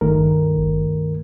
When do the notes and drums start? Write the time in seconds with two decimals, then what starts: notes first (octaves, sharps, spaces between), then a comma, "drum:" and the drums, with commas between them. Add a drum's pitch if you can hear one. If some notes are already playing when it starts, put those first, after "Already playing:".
0.01 C#2 G2 D#3 A3 A#4, drum: kick G#1
0.56 drum: kick G#1